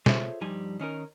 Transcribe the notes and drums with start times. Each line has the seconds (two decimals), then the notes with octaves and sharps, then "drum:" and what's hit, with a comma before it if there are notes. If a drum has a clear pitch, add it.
0.06 F4 G#4 A4 C5 C#5 E5, drum: snare
0.41 G2 F3 G3 D#4 G#5
0.80 D#3 C#4 D#4 A#4